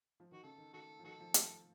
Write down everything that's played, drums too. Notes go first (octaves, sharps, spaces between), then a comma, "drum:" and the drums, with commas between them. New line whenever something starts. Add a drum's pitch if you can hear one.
F3
D#3 F#4
C#3 A4
D#3
D#3 F#4 A4
F3
D#3 F#4 A4
F3
F3, drum: hi-hat